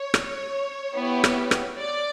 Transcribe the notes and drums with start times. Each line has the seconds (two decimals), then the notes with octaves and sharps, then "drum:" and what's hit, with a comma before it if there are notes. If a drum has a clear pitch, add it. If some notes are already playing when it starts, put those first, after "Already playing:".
Already playing: C#5
0.14 drum: rim click
0.96 B3 E4 G4
1.24 drum: rim click
1.51 drum: rim click
1.79 D5